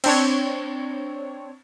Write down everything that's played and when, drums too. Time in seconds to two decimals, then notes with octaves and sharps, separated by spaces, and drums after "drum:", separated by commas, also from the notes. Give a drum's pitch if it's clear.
0.04 C4 D4 C#5, drum: cymbal